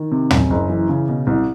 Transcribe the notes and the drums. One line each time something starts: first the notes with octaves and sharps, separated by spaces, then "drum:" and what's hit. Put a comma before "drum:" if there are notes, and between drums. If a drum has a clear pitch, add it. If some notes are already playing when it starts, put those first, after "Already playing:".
Already playing: D#3
C3
F#2, drum: tom
F#1
E3
C#3
B2
C2